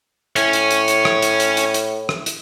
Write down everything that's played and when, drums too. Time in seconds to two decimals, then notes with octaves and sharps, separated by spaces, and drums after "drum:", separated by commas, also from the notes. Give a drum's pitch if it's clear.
0.36 A2 C#5 G#5, drum: hi-hat
0.53 drum: hi-hat
0.71 drum: hi-hat
0.88 drum: hi-hat
1.05 drum: rim click
1.22 drum: hi-hat
1.40 drum: hi-hat
1.57 drum: hi-hat
1.74 drum: hi-hat
2.09 drum: rim click
2.26 drum: hi-hat